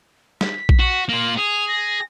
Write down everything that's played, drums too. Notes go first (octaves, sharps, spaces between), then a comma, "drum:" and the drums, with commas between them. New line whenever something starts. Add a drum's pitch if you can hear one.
B6, drum: snare
drum: kick A#1
F#4
A#3 F4 F#7
G#4 F7
A#6